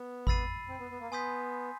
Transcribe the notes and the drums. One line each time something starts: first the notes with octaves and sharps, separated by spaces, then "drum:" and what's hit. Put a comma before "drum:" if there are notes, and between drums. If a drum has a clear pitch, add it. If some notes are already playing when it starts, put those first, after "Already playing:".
Already playing: B3
B5 E6 A6 C7 D#7, drum: kick G#1
C4
B3
B3
A#3
B3 G#5 C6 D#6 G6 B6